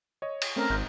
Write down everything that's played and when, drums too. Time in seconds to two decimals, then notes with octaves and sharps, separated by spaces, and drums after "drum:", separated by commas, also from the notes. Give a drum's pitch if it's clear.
0.22 C#5 D#5
0.42 drum: cymbal
0.56 A3 C4 C#4 A#4
0.70 G#1 G#2 F#6 G6